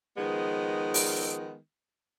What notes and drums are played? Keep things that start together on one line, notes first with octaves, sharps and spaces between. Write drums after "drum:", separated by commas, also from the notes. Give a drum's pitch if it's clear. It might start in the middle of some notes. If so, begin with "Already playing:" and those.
D#3 F3 G#3 B3
drum: open hi-hat